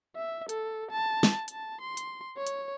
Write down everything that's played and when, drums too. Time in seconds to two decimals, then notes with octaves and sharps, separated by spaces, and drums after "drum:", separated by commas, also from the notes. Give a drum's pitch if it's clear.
0.16 E5
0.49 A4, drum: hi-hat
0.91 A5
1.23 drum: snare
1.48 A5, drum: hi-hat
1.81 C6
1.97 drum: hi-hat
2.37 C#5
2.47 drum: hi-hat